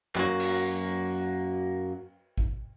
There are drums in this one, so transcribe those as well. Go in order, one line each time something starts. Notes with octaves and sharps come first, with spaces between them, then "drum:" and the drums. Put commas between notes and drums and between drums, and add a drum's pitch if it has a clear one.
F#2 F#3 A#3 F#4, drum: clap
drum: cymbal
drum: kick